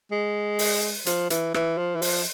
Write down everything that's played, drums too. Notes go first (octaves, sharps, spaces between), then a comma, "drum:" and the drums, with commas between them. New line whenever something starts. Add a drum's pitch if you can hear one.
G#3
drum: open hi-hat
F3, drum: hi-hat
E3, drum: hi-hat
E3, drum: rim click
F3
E3
F3, drum: open hi-hat